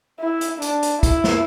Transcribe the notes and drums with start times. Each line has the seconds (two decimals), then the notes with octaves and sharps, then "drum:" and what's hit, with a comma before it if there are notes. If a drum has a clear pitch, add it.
0.20 E4
0.41 drum: hi-hat
0.62 D4, drum: hi-hat
0.82 drum: hi-hat
1.03 E4, drum: kick, hi-hat
1.24 drum: snare